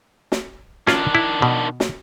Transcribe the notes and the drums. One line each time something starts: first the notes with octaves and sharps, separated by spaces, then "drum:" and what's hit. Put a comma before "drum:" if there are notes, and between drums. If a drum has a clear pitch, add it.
drum: snare
D#3 C#4 D4 F4, drum: snare
E4
B2
drum: snare